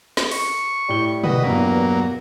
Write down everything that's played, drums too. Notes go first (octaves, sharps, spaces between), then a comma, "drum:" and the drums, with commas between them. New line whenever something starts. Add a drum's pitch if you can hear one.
drum: snare
C#6, drum: open hi-hat
A2 G3 G7
F#4 B4 D#5, drum: tom
E2 G2 B2 F#3 A#3